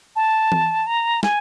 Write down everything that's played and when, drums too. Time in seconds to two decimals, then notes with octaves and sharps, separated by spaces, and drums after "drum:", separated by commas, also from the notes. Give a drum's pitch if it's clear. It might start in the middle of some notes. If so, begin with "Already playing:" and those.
0.16 A5
0.52 drum: tom E3
0.87 A#5
1.23 G#5, drum: snare